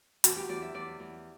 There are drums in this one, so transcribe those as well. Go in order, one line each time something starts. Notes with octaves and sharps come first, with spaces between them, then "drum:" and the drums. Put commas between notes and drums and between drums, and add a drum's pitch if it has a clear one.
E2 F#4, drum: hi-hat
G4
E2 D5
E5
E2 D5
E2